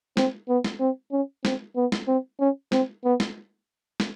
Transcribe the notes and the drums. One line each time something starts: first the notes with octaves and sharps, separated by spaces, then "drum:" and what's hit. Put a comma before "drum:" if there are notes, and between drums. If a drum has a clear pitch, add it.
C4, drum: snare
B3
drum: snare
C4
C#4
C4, drum: snare
B3
drum: snare
C4
C#4
C4, drum: snare
B3
drum: snare
drum: snare